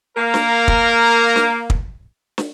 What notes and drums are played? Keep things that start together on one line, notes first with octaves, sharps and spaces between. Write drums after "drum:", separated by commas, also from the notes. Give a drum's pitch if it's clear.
A#3 A#4
drum: snare
drum: kick
drum: snare
drum: kick
drum: snare